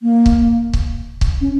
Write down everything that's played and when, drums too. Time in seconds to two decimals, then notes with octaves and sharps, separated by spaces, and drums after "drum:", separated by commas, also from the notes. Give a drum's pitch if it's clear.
0.02 A#3
0.26 drum: kick
0.73 drum: kick
1.21 drum: kick
1.41 C#4